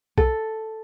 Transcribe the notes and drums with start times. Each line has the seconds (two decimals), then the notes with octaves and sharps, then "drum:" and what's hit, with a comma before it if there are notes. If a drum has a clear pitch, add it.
0.18 A4, drum: kick B1